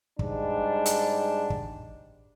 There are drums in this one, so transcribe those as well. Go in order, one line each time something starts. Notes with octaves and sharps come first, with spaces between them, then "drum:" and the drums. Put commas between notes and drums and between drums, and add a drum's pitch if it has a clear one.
G#2 G3 D4, drum: kick
drum: hi-hat
drum: kick